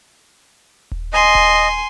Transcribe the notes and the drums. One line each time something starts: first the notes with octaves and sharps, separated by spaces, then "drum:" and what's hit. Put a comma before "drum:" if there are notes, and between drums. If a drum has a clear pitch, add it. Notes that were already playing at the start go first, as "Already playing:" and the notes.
drum: kick D#1
D#5 G#5 C6
drum: kick D#1